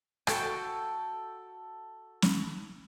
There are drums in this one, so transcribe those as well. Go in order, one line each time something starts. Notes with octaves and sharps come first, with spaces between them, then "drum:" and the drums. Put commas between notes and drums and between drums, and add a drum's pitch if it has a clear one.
F#4 A4 G5, drum: rim click
drum: snare